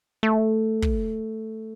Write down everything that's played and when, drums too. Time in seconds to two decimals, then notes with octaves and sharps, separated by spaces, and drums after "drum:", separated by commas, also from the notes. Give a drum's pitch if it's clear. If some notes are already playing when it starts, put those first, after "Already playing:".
0.23 A3
0.82 drum: kick